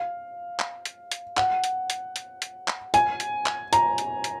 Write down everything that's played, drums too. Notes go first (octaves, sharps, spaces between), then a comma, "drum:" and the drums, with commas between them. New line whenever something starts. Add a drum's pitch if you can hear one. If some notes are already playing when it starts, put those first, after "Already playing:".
Already playing: F5
drum: clap
drum: hi-hat
drum: hi-hat
F#5, drum: clap
drum: hi-hat
drum: hi-hat
drum: hi-hat
drum: hi-hat
drum: clap
G#5, drum: hi-hat
drum: hi-hat
drum: clap
A#5, drum: hi-hat
drum: hi-hat
drum: hi-hat